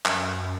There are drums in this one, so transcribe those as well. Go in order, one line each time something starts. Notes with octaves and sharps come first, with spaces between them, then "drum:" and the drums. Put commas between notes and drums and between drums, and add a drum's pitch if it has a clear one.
F#2, drum: clap